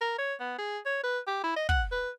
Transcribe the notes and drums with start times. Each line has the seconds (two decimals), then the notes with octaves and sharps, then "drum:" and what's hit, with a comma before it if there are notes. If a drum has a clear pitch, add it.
0.01 A#4
0.18 C#5
0.40 B3
0.58 G#4
0.86 C#5
1.03 B4
1.27 G4
1.44 E4
1.56 D#5
1.69 F#5, drum: kick
1.91 B4